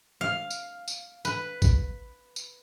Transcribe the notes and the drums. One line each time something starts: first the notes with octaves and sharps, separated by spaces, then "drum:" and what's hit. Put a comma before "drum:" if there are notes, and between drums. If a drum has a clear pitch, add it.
F5
drum: tambourine
drum: tambourine
B4, drum: tambourine
drum: kick A1, tambourine
drum: tambourine